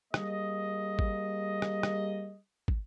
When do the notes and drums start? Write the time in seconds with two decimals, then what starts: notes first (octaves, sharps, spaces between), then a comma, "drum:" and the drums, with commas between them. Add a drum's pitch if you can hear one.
0.14 G3 A#3 G#4 D#5, drum: rim click
0.99 drum: kick
1.62 drum: rim click
1.83 drum: rim click
2.68 drum: kick